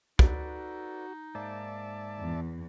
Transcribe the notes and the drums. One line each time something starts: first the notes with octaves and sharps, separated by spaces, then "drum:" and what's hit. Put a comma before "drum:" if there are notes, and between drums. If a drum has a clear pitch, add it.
D#4 F#4 A4 B4 D5, drum: kick
G#2 A#3 D5 E5 A5
E2